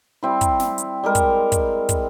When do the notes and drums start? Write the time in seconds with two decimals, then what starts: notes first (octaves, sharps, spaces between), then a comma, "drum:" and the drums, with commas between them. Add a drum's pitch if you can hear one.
0.23 G3 C4 E4
0.41 drum: kick, hi-hat
0.60 drum: snare
0.78 drum: hi-hat
1.03 G3 G#3 A#4
1.15 drum: kick, hi-hat
1.52 drum: kick, hi-hat
1.89 drum: kick, hi-hat